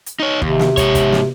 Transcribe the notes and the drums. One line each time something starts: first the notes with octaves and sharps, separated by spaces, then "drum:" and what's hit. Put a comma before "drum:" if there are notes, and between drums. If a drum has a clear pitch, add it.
drum: hi-hat
D#4 C#5
D#2 C3, drum: kick
drum: snare
G#2 C#5, drum: kick, hi-hat
drum: kick, hi-hat
drum: snare